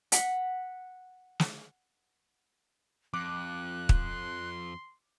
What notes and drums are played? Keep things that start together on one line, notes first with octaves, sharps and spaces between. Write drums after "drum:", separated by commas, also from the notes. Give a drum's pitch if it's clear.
F#5 B6, drum: hi-hat
drum: snare
F2 D6 F#6
C6, drum: kick